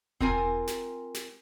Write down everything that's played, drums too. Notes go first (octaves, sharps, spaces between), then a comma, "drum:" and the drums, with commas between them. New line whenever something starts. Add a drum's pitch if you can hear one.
C4 F4 A#4 G#5, drum: kick E1
drum: snare
drum: snare